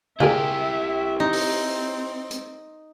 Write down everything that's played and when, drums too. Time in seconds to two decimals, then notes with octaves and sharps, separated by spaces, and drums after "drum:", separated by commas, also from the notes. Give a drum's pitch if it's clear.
0.20 E4 F4 G4 G#4 A#4 E5, drum: tom C#3
1.20 C4 D#4
1.33 drum: open hi-hat
2.31 drum: hi-hat